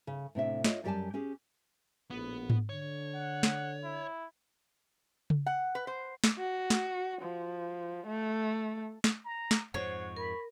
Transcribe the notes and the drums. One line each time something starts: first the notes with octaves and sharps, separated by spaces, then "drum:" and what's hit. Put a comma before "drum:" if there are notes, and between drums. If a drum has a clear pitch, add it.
C#3
A2 C3 D4 E5
F4 C#5 D#5, drum: snare
F#2 G3 G4 D5 G#5 A5
C#4 G4 G#4
A#1 A2 B3
drum: tom G#2
D3 C#5
F#5
drum: snare
E4
drum: tom C#3
F#5
B4
C5
drum: snare
F#4
drum: snare
F3
A3
drum: snare
A#5
drum: snare
F2 G#2 C5 C#5 F#5
A#4 B5